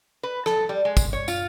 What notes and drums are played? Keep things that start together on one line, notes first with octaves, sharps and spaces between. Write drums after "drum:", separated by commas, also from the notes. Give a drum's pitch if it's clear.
B4
A4, drum: rim click
G3
G#3
drum: kick, tambourine
C#5
F4, drum: tambourine